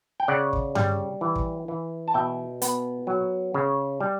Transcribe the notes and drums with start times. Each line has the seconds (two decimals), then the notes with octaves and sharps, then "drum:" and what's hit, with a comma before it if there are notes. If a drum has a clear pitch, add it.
0.20 G5
0.28 C#3 D5 F#5
0.53 drum: kick
0.75 G3, drum: tom G2
1.21 E3
1.36 drum: kick
1.68 E3
2.08 A5
2.14 B2 E5 G5
2.62 B3, drum: hi-hat
3.07 F#3
3.54 C#3
4.00 G3